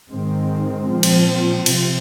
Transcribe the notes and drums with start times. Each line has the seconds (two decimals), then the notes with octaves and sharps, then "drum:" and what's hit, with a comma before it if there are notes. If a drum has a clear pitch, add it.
0.11 G#2 D#3 G#3 C4
0.89 A#2 F3 C4
1.03 drum: cymbal
1.66 C3 F3 C4, drum: cymbal